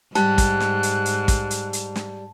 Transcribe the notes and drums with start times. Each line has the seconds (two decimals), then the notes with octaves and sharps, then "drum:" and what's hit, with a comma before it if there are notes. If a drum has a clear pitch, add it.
0.15 G#2 G3 A5 F#6, drum: snare
0.38 drum: kick, hi-hat
0.60 drum: snare
0.83 drum: hi-hat
1.05 drum: hi-hat
1.28 drum: kick, hi-hat
1.51 drum: hi-hat
1.73 drum: hi-hat
1.96 drum: snare